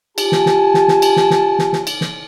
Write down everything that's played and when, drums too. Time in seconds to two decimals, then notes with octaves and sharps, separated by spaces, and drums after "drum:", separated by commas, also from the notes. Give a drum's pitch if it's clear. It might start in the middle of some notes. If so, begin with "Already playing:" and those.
0.18 F4 G4 G#5 A5, drum: cymbal
0.32 drum: snare
0.46 drum: snare
0.74 drum: snare
0.88 drum: snare
1.02 drum: cymbal
1.16 drum: snare
1.30 drum: snare
1.59 drum: snare
1.73 drum: snare
1.87 drum: cymbal
2.01 drum: snare